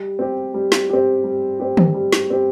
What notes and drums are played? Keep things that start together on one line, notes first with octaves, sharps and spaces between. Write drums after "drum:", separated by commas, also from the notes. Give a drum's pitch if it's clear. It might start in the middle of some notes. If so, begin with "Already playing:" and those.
Already playing: G3
C4 G4
G3
drum: snare
C4 G4
G3
C4 G4
drum: tom
G3
drum: snare
C4 G4